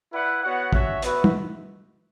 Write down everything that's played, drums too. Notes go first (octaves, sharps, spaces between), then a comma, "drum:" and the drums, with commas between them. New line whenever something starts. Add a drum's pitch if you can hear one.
E4 B4 D5 F#5
B3 F#4 C#5 F#5
C#4 F#4 C#5 E5, drum: kick
B3 F#4 B4 E5, drum: hi-hat
drum: tom